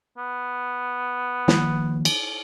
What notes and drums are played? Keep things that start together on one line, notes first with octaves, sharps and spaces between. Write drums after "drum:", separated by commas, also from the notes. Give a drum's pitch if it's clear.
B3
D#3 F3 A#3, drum: snare
drum: cymbal